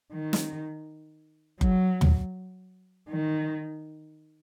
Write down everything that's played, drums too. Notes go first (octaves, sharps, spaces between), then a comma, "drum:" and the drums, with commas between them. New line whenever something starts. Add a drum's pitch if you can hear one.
D#3
drum: snare
F#3, drum: kick F#1
drum: tom
D#3